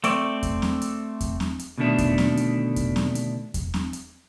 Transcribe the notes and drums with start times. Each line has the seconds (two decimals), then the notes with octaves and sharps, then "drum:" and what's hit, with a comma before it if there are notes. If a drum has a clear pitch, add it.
0.04 A3 C4 D5, drum: hi-hat
0.43 drum: kick E2, hi-hat
0.62 drum: snare
0.82 drum: hi-hat
1.21 drum: kick E2, hi-hat
1.40 drum: snare
1.59 drum: hi-hat
1.78 B2 D3 D#3 A3 D4
1.98 drum: kick E2, hi-hat
2.18 drum: snare
2.37 drum: hi-hat
2.76 drum: kick E2, hi-hat
2.96 drum: snare
3.15 drum: hi-hat
3.54 drum: kick E2, hi-hat
3.74 drum: snare
3.93 drum: hi-hat